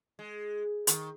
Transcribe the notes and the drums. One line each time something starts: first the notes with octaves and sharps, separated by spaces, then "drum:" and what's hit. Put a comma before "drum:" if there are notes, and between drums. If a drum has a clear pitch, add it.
G#3
D#3, drum: hi-hat